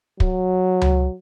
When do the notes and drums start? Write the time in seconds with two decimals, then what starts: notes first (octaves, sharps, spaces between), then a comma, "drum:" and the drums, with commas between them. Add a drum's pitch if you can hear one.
0.20 F#3, drum: kick
0.82 drum: tom C#2